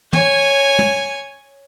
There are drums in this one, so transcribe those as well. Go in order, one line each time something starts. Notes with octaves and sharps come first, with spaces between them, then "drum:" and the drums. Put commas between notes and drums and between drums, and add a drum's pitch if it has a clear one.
C#5 G#5, drum: tom
drum: tom